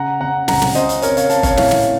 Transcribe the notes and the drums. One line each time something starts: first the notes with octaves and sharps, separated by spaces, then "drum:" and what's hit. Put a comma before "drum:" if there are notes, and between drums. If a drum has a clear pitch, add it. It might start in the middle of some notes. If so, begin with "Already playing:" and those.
Already playing: C#3 F#5 A#5
C#3 F#5 A#5
C#2 F#5 A#5, drum: snare
drum: snare
C#3 C5 D#5, drum: hi-hat
drum: hi-hat
C4 A#4 C#5, drum: hi-hat
C#5 F5, drum: hi-hat
C4 F5 A5, drum: hi-hat
C#5 F5, drum: kick G1, hi-hat
A2 C#5 F5, drum: snare
drum: snare